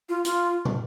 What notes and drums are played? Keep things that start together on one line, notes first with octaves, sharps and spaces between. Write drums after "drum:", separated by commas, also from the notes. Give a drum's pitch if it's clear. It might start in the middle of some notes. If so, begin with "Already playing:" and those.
F4
F4, drum: hi-hat
drum: tom